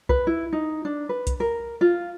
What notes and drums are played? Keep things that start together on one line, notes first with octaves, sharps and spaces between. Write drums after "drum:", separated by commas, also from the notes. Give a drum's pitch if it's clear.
B4, drum: kick B1
E4
D#4
D4
B4
drum: kick B1, hi-hat
A#4
F4